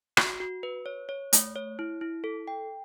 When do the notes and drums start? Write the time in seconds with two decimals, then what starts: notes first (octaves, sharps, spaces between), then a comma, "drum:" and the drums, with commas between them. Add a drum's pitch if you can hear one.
0.17 F#4, drum: rim click
0.40 F#4
0.63 B4
0.86 C#5
1.09 C#5
1.33 A3, drum: hi-hat
1.56 C#5
1.79 E4
2.01 E4
2.24 A4
2.48 G5